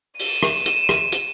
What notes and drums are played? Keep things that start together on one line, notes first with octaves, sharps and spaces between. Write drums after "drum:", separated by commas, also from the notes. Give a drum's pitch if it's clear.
D#7 E7, drum: open hi-hat
drum: rim click
drum: hi-hat
drum: rim click
drum: hi-hat